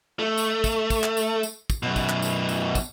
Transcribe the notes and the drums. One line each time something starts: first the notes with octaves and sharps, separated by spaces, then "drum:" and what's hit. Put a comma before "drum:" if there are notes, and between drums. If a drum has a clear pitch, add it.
A3
drum: tambourine
drum: kick, tambourine
drum: kick, tambourine
drum: clap
drum: tambourine
drum: tambourine
drum: kick, tambourine
F#2 B2
drum: kick, tambourine
drum: clap
drum: tambourine
drum: tambourine
drum: kick, tambourine